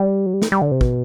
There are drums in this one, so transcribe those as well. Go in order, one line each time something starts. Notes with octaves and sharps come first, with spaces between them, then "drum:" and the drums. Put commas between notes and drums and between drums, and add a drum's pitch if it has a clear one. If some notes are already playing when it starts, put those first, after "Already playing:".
Already playing: G3
F#3
G3
A3, drum: snare
G3
D3
C3
B2, drum: kick